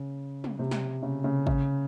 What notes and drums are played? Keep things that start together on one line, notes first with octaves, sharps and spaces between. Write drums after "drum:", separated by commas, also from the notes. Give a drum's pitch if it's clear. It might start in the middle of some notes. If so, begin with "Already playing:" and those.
Already playing: C#3
drum: tom
C3
drum: snare
C#3
C#3
C#3, drum: kick G#1